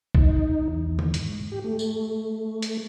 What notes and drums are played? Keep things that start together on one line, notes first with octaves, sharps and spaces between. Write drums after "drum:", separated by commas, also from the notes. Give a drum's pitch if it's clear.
D#4, drum: kick B1
E2
drum: tom
G#2, drum: hi-hat
G4
A3
drum: tambourine
drum: hi-hat